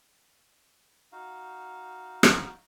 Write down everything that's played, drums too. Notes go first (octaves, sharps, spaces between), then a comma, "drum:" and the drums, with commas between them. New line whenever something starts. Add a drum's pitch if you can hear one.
D#4 F#4 F5
drum: rim click